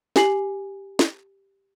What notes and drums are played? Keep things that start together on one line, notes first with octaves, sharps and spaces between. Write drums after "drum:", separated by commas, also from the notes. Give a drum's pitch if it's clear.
G4 G#5 C7 F#7, drum: snare
drum: snare